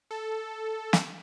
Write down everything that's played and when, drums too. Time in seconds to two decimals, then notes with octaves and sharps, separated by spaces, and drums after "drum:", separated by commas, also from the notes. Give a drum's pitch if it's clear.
0.11 A4
0.93 drum: snare